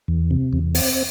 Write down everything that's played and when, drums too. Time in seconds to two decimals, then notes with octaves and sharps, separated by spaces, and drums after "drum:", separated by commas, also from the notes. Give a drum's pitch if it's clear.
0.08 E2
0.31 C3
0.53 E2
0.75 C4, drum: open hi-hat